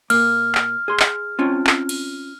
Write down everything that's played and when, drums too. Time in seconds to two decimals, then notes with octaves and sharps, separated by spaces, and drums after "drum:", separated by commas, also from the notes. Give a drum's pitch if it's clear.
0.10 A#2 A#3 F6, drum: cymbal
0.55 drum: clap
0.88 G#4 C6
1.00 drum: clap
1.39 C4 C#4 F4
1.67 drum: clap
1.89 drum: cymbal